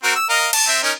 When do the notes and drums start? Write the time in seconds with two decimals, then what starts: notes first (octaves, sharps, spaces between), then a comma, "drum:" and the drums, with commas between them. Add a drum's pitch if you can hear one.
0.04 C4 F#4 A#4
0.15 E6
0.29 A#4 D#5 F5
0.53 A5, drum: cymbal
0.68 C4 E5
0.83 C#4 D#4 A#4